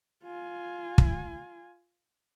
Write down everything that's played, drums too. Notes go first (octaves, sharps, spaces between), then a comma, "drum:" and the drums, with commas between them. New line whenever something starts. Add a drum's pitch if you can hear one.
F4 G#5
drum: kick